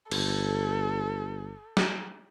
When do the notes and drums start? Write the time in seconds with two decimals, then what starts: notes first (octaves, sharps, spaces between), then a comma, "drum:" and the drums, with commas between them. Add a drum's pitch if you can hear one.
0.11 G1 A4, drum: cymbal
1.77 drum: snare